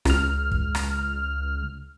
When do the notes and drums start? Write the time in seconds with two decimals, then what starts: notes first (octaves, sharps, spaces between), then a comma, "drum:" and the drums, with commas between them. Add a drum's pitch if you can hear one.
0.05 C#2 F6, drum: rim click
0.52 drum: kick
0.75 drum: rim click